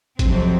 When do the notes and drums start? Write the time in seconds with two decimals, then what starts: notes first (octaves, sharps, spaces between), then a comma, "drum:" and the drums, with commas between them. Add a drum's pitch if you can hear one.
0.19 F2 C3 F#3 C4, drum: kick, hi-hat